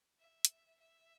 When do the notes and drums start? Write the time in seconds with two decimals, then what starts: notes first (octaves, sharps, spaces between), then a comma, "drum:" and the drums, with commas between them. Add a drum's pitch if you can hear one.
0.19 E5
0.45 drum: hi-hat
0.80 E5